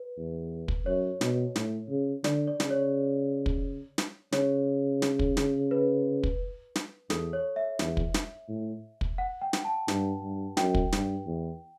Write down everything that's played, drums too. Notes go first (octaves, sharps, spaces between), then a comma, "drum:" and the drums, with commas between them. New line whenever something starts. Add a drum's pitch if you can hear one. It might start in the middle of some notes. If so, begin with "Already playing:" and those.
Already playing: B4
E2
drum: kick
F#2 C#5
B2, drum: snare
A2, drum: snare
C#3
D3 D5, drum: snare
D5
C#3, drum: snare
C#5
drum: kick
drum: snare
C#3 C#5, drum: snare
drum: snare
drum: kick
drum: snare
B4
drum: kick
drum: snare
E2 A4, drum: snare
C#5
E5
E2, drum: snare
drum: kick
drum: snare
A2
drum: kick
F#5
G5
drum: snare
A5
G2, drum: snare
G2
F#2 G5, drum: snare
drum: kick
G2, drum: snare
E2